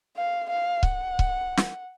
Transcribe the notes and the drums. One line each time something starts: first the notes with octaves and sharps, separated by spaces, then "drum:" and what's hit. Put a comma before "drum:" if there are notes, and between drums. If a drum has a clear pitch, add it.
F5
F5
F#5, drum: kick C#1
drum: kick C#1
drum: snare